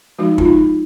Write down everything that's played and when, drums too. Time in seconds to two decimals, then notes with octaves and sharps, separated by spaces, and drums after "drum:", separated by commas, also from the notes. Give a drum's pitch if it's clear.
0.19 F3 G#3 D#4 F#4
0.38 F4, drum: kick
0.45 D#4